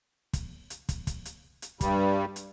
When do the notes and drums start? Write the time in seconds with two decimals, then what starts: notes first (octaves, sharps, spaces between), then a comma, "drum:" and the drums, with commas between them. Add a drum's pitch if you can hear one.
0.33 drum: kick, hi-hat
0.70 drum: hi-hat
0.89 drum: kick, hi-hat
1.07 drum: kick, hi-hat
1.25 drum: hi-hat
1.62 drum: hi-hat
1.81 G2 G3, drum: kick, hi-hat
2.36 drum: hi-hat